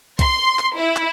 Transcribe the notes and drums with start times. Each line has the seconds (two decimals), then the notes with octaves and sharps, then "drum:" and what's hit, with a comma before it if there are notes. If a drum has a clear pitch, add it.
0.19 C6, drum: kick C2, hi-hat
0.59 drum: clap
0.78 E4
0.96 drum: clap